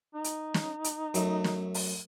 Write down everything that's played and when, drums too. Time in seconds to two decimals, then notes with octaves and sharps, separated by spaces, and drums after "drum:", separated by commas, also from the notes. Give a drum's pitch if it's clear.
0.14 D#4
0.24 drum: hi-hat
0.54 drum: snare
0.84 drum: hi-hat
1.14 F#2 A3, drum: hi-hat
1.44 drum: snare
1.74 drum: open hi-hat